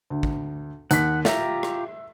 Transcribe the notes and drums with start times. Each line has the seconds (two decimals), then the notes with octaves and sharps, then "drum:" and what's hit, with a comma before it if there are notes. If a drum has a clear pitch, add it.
0.10 D2
0.23 drum: kick
0.91 D#2 F#5 B6, drum: hi-hat
1.25 F4 G4 E5 A#5, drum: snare
1.63 drum: rim click